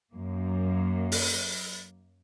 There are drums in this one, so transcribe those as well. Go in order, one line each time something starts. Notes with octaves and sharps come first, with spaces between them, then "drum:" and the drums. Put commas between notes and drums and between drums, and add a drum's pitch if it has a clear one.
F#2 A#3
drum: open hi-hat